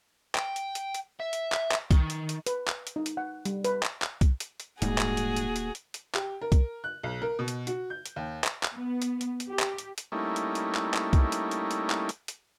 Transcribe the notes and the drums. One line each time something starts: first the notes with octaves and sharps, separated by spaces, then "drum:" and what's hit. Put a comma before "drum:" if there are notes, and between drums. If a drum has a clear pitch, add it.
G5, drum: clap
drum: hi-hat
drum: hi-hat
drum: hi-hat
E5
drum: hi-hat
drum: clap
drum: clap
D#3, drum: kick B1, hi-hat
drum: hi-hat
drum: hi-hat
B4, drum: hi-hat
drum: clap
drum: hi-hat
D#4
drum: hi-hat
F#5
G3, drum: hi-hat
B4, drum: hi-hat
drum: clap
drum: clap
drum: kick B1, hi-hat
drum: hi-hat
drum: hi-hat
D#1 G#2 G3 A#3 F#4 G#4, drum: hi-hat
drum: clap
drum: hi-hat
drum: hi-hat
drum: hi-hat
drum: hi-hat
drum: hi-hat
G4, drum: clap
A#4
drum: kick B1, hi-hat
F#6
B1
A#4
B2
drum: hi-hat
F#4, drum: hi-hat
G6
drum: hi-hat
D#2
drum: clap
drum: clap
B3
drum: hi-hat
drum: hi-hat
drum: hi-hat
G4
drum: clap
drum: hi-hat
drum: hi-hat
G3 A3 A#3 C#4 D#4 E4
drum: hi-hat
drum: hi-hat
drum: clap
drum: clap
drum: kick B1, hi-hat
drum: hi-hat
drum: hi-hat
drum: hi-hat
drum: clap
drum: hi-hat
drum: hi-hat